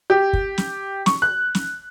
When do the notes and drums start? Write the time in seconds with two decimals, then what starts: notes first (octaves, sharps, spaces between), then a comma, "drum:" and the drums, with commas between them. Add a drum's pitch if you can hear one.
0.10 G4
0.33 drum: kick
0.58 drum: snare
1.06 C#6, drum: snare
1.22 F#6
1.55 drum: snare